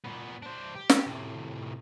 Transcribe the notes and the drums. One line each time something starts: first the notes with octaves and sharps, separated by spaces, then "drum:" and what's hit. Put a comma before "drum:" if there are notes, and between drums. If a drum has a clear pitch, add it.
A#2 B3
D4 C5
G4
drum: snare
A2 C3